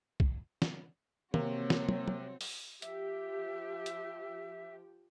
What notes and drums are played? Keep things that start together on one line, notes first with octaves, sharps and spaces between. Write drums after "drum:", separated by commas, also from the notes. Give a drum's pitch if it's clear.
drum: kick
drum: snare
C3 A#3 C4 F#4 C#5, drum: tom
drum: snare
drum: tom
drum: tom
drum: open hi-hat
F3 G4 E5, drum: hi-hat
drum: hi-hat